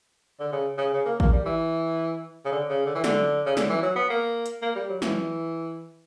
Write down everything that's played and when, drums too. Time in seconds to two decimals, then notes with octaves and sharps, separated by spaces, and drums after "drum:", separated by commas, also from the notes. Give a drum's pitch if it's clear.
0.40 D3
0.52 C#3
0.78 C#3
0.93 C#3
1.06 A#3
1.20 A#3, drum: kick A1
1.33 G3
1.46 E3
2.45 C#3
2.52 D3
2.69 C#3
2.86 D3
2.95 E3
3.04 D3, drum: snare
3.46 C#3
3.57 D3, drum: snare
3.70 E3
3.82 F#3
3.96 B3
4.10 A#3
4.46 drum: hi-hat
4.62 A#3
4.75 G3
4.89 F#3
5.02 E3, drum: snare